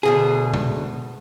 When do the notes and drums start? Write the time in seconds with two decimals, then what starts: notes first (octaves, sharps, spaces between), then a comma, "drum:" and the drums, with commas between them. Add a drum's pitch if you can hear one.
0.03 D2 B2 G#4
0.54 drum: tom B2